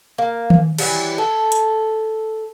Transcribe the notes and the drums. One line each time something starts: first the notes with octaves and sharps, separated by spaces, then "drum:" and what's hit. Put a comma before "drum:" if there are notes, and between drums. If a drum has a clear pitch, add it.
A#3
drum: tom D#3
E3 F#3 G3, drum: cymbal
A4
drum: hi-hat